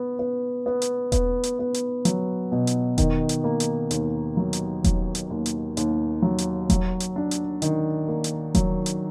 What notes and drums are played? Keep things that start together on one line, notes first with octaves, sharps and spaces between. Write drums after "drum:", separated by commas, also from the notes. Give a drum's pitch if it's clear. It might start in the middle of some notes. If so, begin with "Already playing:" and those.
Already playing: B3
B3
B3
drum: hi-hat
B3, drum: kick E1, hi-hat
drum: hi-hat
B3
drum: hi-hat
F#3, drum: hi-hat
B2
drum: hi-hat
D#3, drum: kick E1, hi-hat
drum: hi-hat
A#3
drum: hi-hat
D#2, drum: hi-hat
F#3
drum: hi-hat
F#3, drum: kick E1, hi-hat
drum: hi-hat
D#2
drum: hi-hat
D#2, drum: hi-hat
F#3
drum: hi-hat
F#3, drum: kick E1, hi-hat
drum: hi-hat
D4
drum: hi-hat
D#3, drum: hi-hat
A#3
drum: hi-hat
F#3, drum: kick E1, hi-hat
drum: hi-hat